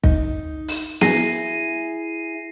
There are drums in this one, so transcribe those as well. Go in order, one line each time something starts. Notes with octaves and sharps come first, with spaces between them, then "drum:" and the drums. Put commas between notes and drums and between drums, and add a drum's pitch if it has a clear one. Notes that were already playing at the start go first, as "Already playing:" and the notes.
D#4, drum: kick
drum: open hi-hat
E4 G#4 A#6 C7 D#7, drum: snare